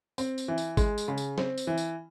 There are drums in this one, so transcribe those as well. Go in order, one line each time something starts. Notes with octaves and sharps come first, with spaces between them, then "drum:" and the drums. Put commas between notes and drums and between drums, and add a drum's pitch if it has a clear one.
C4, drum: tambourine
drum: tambourine
E3
drum: tambourine
G#3, drum: kick G#1, tambourine
drum: tambourine
C#3
drum: tambourine
C4, drum: snare
drum: tambourine
E3
drum: tambourine